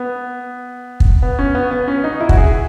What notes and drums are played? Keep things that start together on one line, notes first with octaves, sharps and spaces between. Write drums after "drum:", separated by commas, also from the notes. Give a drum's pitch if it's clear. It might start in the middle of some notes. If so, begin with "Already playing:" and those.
Already playing: B3
drum: kick
B3
C#4
B3
B3
C#4
D#4
E4
F#4, drum: kick
G#4